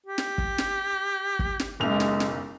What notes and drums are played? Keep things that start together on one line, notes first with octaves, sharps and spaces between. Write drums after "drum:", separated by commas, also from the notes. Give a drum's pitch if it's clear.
G4
drum: snare
drum: kick
drum: snare
drum: kick
drum: snare
F#1 B1 G#3 F7
drum: snare
drum: snare